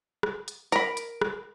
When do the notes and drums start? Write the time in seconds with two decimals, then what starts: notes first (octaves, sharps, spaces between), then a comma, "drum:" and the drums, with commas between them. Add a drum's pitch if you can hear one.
0.23 drum: rim click
0.48 drum: hi-hat
0.72 A#4 B5, drum: hi-hat
0.97 drum: hi-hat
1.21 drum: rim click